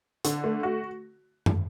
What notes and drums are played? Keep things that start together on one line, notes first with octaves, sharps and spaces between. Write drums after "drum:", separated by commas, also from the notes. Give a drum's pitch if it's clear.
D3, drum: hi-hat
A3
F#4
drum: tom